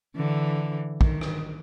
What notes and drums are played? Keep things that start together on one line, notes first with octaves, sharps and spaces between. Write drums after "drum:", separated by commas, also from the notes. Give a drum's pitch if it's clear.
D3 E3
D#3, drum: kick
drum: rim click